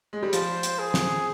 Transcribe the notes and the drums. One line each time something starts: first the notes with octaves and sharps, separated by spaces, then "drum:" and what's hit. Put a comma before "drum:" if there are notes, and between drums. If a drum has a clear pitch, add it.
G#3
G3
F3 C5, drum: hi-hat
drum: hi-hat
G#4
drum: snare